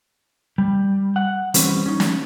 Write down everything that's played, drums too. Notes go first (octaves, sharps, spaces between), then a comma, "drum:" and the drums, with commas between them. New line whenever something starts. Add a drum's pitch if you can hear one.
G3
F#5
E3 G3 C4 C#4, drum: hi-hat
C#4 D#4
drum: snare